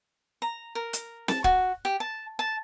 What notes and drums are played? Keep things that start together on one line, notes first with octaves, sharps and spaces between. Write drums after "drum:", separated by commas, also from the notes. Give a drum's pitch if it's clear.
A#5
A#4
drum: hi-hat
A5, drum: snare C4
F#4, drum: kick
G4
A5
A5